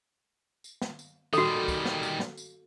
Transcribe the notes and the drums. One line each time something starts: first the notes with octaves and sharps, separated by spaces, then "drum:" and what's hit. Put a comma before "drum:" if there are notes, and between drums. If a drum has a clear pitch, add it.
drum: tambourine
drum: snare
drum: tambourine
D#3 G3 F#4 A4, drum: tambourine
drum: kick, tambourine
drum: snare
drum: tambourine
drum: snare
drum: tambourine